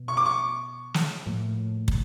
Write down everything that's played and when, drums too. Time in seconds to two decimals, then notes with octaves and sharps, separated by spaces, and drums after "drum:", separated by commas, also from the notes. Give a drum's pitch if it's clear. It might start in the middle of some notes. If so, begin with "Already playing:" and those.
Already playing: B2 B3
0.08 C#6
0.17 D6
0.25 C#6
0.94 drum: snare
1.26 A2 F3 A#3
1.88 drum: kick